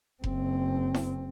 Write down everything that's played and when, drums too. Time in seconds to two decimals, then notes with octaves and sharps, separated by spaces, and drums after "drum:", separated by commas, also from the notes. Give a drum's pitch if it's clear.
0.24 F#1 C4, drum: kick F1
0.94 drum: snare E4